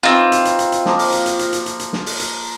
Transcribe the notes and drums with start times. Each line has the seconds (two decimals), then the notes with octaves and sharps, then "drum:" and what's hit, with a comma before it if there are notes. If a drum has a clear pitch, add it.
0.03 D#3 E3 C4 F4
0.32 drum: hi-hat
0.45 drum: hi-hat
0.59 drum: hi-hat
0.72 drum: hi-hat
0.86 F3 A#3 A#4, drum: snare
0.99 drum: open hi-hat
1.12 drum: hi-hat
1.26 drum: hi-hat
1.39 drum: hi-hat
1.53 drum: hi-hat
1.66 drum: hi-hat
1.79 drum: hi-hat
1.93 drum: snare
2.06 drum: open hi-hat
2.20 drum: hi-hat